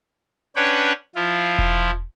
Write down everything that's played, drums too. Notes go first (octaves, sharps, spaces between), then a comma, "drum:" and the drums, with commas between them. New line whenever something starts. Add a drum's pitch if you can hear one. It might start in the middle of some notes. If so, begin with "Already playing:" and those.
C#4 D4 B4 C#5 F#5 G5
F3 E4 F4
drum: kick E1